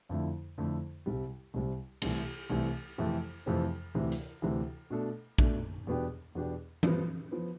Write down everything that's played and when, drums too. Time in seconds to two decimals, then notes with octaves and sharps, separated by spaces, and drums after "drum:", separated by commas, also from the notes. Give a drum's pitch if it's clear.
0.09 F2 D3 A3 E4
0.58 F2 D3 A3 E4
1.06 C2 C3 G3
1.54 C2 C3 G3
2.02 C2 C3 E3 A3, drum: cymbal
2.50 C2 C3 E3 A3
2.98 F2 C3 E3 A3 C4
3.46 F2 C3 E3 A3 C4
3.95 D2 C3 E3
4.12 drum: hi-hat
4.42 D2 C3 E3
4.90 B2 A3 D4 A4
5.38 B2 A3 D4 A4, drum: kick A#1
5.87 E2 B2 B3 D4 G4
6.35 E2 B2 B3 D4 G4
6.83 G2 F3 B3, drum: tom E3
7.32 F3 B3